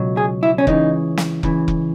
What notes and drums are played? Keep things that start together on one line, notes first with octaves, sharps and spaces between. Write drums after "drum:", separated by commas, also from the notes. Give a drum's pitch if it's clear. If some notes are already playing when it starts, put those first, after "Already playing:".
Already playing: C#2 B2 F#3
G#4
E4
C#4
C#2 C#3 E3 D#4, drum: kick F1
drum: snare
C#2 C#3 E3, drum: kick F1
drum: kick F1